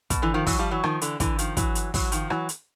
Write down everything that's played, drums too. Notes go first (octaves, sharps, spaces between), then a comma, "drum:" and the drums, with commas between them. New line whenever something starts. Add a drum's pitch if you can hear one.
B2, drum: kick, hi-hat
D3 E3
D#3 F3
E3 F#3, drum: kick, open hi-hat
F3 G3
E3 F#3
D#3 F3, drum: rim click
D3 E3, drum: hi-hat
D3 E3, drum: kick, hi-hat
D#3 F3, drum: hi-hat
E3 F#3, drum: kick, hi-hat
drum: hi-hat
E3 F#3, drum: kick, open hi-hat
D#3 F3, drum: hi-hat
E3 F#3, drum: rim click
drum: hi-hat